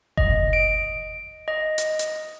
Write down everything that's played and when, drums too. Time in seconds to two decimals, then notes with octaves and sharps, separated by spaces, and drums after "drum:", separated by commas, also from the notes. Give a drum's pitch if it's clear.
0.17 D#5, drum: kick F#1
0.53 D7
1.48 D#5
1.78 drum: hi-hat
1.99 drum: hi-hat